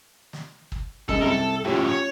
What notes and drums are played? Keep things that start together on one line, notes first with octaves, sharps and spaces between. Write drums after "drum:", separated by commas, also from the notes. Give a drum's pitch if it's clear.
drum: snare
drum: kick
F#2 G#3 A4 D#5, drum: kick
C2 A4 A#4
F#2 A2 C#4 F4 G4
C#5